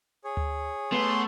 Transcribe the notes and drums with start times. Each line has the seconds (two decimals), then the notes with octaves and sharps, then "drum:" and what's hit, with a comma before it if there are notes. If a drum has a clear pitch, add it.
0.24 G#4 C#5
0.37 drum: tom D2
0.92 A3 B3 C6